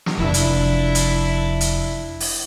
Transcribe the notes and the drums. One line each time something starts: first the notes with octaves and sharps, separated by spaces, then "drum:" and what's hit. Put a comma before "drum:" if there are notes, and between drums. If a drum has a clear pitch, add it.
drum: snare
F1 F3 D4 E4
drum: hi-hat
drum: hi-hat
drum: hi-hat
drum: open hi-hat